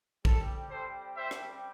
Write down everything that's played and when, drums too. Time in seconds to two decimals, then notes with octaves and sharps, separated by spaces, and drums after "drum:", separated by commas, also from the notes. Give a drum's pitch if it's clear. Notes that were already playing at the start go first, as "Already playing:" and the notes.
0.25 G3 C4 G4 A4, drum: kick
0.70 A4 C5
1.16 C5 E5
1.31 drum: rim click